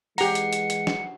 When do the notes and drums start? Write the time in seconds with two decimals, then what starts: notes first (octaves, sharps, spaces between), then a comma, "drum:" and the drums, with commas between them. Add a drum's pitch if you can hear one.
0.18 E3 G#3 G4 F#5 A#5 C#7, drum: open hi-hat
0.35 drum: hi-hat
0.53 drum: hi-hat
0.70 drum: hi-hat
0.87 drum: snare